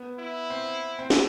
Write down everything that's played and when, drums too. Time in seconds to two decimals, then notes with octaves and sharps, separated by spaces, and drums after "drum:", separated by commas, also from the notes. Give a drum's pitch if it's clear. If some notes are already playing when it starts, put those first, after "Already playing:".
Already playing: B3
0.19 E4
0.50 C4
0.99 C4
1.10 B3, drum: snare